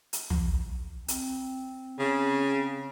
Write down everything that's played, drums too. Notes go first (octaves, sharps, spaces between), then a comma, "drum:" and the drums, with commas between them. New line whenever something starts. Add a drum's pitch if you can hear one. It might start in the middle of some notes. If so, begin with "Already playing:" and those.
drum: hi-hat
drum: tom
C4, drum: hi-hat
C#3